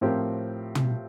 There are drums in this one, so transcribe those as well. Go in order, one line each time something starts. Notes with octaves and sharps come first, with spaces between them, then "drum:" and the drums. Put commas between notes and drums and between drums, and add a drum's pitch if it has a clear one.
A2 F3 C4 G4 A#4
drum: tom